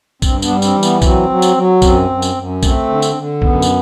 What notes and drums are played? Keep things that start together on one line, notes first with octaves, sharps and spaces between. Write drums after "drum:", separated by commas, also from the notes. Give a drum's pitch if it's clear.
G2 C4, drum: kick A#1, tambourine
B3 D4, drum: tambourine
G3
C4, drum: tambourine
E3
B3, drum: tambourine
F#3 C4, drum: kick A#1, tambourine
F#3
drum: tambourine
F#3
F#2 C4, drum: kick A#1, tambourine
F#2
drum: tambourine
F#2
A3 C4, drum: kick A#1, tambourine
D3
drum: tambourine
D3
F#2 B3, drum: kick A#1
drum: tambourine